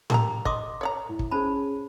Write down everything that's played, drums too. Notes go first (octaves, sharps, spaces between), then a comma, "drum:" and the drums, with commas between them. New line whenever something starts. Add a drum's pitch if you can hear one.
G4 A#4 A5 A#5, drum: tom A2
D#5 C6 D6 D#6, drum: kick
C#5 D5 A#5
A2
drum: kick
C#4 G#4 C5 A5 B5